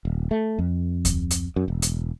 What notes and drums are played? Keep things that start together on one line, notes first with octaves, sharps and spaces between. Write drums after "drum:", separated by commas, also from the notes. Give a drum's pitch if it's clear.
D#1
A3
F2
drum: kick D2, hi-hat
drum: hi-hat
F#2
E1
drum: hi-hat